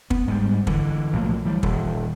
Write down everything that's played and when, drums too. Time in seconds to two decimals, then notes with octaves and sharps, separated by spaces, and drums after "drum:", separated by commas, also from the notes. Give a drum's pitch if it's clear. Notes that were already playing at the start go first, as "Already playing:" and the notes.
0.10 B3, drum: kick
0.27 G#2 G3
0.67 D3 E3, drum: kick
1.13 B1 A2 F3 A#3
1.45 E3 G3
1.63 D#1, drum: kick